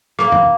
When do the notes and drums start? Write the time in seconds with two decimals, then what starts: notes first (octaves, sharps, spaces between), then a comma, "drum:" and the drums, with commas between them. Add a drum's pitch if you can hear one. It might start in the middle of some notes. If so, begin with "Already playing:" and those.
0.19 A#3, drum: rim click
0.32 drum: tom